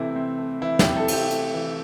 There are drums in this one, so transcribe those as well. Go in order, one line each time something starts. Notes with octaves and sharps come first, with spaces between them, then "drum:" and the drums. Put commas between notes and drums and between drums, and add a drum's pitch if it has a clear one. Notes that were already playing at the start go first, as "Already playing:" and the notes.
Already playing: C3 E3 A3 C4 E4
C4
A3
E3 E4
G4, drum: snare
C3
A4
C4, drum: cymbal
G4
A3, drum: hi-hat
E3